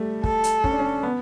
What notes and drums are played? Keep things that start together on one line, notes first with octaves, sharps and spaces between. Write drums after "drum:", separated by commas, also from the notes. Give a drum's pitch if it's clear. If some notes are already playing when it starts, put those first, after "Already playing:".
Already playing: G3 A3
A4, drum: kick
drum: hi-hat
C#4, drum: kick
D4
C#4
B3